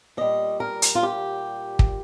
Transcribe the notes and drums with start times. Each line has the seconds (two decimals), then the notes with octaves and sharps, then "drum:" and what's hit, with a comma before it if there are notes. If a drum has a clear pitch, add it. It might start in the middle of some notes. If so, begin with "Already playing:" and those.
0.17 A#2 G3 D#5
0.60 A#4
0.82 drum: hi-hat
0.95 F4
1.03 G4
1.79 drum: kick